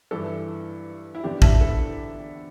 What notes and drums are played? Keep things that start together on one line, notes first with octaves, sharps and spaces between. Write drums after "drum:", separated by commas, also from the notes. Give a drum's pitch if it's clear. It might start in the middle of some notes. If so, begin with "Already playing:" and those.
G2 E3 E4 A4
E4
E2 D3 D4 G4
E5 A5, drum: kick A1
E4 A4